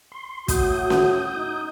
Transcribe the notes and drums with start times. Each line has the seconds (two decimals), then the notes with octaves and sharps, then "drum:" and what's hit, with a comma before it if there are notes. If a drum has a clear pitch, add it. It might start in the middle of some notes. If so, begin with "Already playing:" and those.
0.12 C6
0.48 A2 F#4 D#6 G6, drum: kick, hi-hat
0.90 drum: snare C#4
1.36 D#4